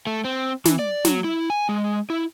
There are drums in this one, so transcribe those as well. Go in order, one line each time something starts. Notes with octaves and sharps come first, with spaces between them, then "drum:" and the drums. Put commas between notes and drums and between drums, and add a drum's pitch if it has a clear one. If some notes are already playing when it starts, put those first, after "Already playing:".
A3
C4
E3, drum: snare
D5
F#3, drum: snare
E4
G#5
G#3
E4